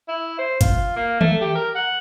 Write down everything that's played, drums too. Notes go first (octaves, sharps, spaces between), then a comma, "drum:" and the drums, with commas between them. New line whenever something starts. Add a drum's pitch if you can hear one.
E4
C5
F4, drum: kick, hi-hat
A#3
A3, drum: tom D#3
G4
A#4
F#5